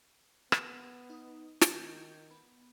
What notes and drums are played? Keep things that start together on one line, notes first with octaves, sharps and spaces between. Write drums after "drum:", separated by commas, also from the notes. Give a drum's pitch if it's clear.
B3, drum: rim click
D#4
D#3 G6 G#6, drum: snare
B3